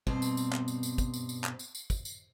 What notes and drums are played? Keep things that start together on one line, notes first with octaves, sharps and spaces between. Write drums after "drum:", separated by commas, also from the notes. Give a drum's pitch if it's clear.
G2 B2 C4 C5, drum: kick
drum: tambourine
drum: tambourine
drum: clap
drum: tambourine
drum: tambourine
drum: kick, tambourine
drum: tambourine
drum: tambourine
drum: clap
drum: tambourine
drum: tambourine
drum: kick, tambourine
drum: tambourine